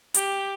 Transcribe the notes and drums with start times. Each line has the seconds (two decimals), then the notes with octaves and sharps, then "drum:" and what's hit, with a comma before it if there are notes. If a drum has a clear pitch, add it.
0.14 G4, drum: hi-hat